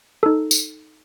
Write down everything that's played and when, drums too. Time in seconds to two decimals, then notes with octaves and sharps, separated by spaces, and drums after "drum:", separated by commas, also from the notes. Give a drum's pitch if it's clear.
0.23 D#4 A4
0.51 drum: tambourine